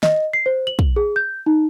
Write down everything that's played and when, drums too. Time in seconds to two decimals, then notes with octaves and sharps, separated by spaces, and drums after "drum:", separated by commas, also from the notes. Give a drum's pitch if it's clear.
0.03 D#5, drum: snare
0.33 C7
0.46 C5
0.67 F#7
0.79 drum: kick
0.96 G#4
1.16 G6
1.46 D#4